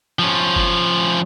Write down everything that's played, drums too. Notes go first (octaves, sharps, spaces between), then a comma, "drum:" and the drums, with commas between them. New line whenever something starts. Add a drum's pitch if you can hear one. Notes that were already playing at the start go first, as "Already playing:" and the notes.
F3 C#4
drum: kick F#1